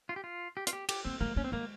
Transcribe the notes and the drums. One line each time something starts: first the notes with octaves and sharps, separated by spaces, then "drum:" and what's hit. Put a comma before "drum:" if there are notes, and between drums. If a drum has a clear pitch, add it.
F4
G4
F4
G4
F4, drum: hi-hat
G4
G4, drum: cymbal
A#3 C4
G#3 A#3
A#3 C#4
C4
G#3 A#3